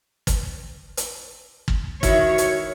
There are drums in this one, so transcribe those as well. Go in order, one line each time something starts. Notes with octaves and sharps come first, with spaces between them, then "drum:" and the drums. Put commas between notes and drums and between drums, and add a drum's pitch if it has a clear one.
drum: kick, hi-hat
drum: hi-hat
drum: kick
D#3 E4 F#4 C#5, drum: kick, hi-hat
drum: hi-hat